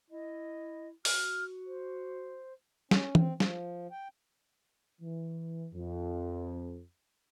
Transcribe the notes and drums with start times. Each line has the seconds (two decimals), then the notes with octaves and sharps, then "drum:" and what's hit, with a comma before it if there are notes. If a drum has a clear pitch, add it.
0.10 E4 D#5
1.05 F#4 F6, drum: open hi-hat
1.66 C5
2.91 C#4, drum: snare
3.15 C4, drum: tom E3
3.40 F3, drum: snare
3.91 G5
5.01 E3
5.73 F2